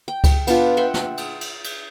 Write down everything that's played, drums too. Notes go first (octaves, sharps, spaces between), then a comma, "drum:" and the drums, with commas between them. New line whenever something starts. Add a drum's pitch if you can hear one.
G5
drum: kick C#2, cymbal
B3 D4 F4 B4, drum: cymbal
E5 F#5 G5 C6
drum: snare
drum: cymbal
drum: cymbal
drum: cymbal